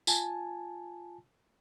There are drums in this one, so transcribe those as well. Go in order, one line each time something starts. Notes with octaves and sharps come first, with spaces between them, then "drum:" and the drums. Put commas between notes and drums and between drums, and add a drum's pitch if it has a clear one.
F4 G#5 A5, drum: tambourine